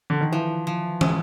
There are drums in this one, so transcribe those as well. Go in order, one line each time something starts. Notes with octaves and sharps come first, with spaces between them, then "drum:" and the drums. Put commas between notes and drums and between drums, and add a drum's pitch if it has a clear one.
D3
D#3
E3 F3
F3
G#3, drum: tom